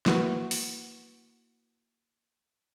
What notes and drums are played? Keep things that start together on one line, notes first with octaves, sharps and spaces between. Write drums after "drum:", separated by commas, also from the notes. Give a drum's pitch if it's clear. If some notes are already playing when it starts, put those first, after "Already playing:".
A#3 E4 F#4 B4, drum: snare
drum: open hi-hat